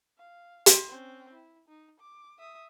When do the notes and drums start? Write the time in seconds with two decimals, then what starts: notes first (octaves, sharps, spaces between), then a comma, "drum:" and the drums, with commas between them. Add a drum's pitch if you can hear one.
0.18 F5
0.66 drum: hi-hat
0.88 C4 C#4
1.33 E4
1.68 D#4
1.99 D6
2.39 E5 D#6